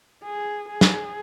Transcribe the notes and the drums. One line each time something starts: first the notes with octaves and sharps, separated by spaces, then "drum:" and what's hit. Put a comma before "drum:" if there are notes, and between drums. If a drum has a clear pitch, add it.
G#4
G#4
drum: snare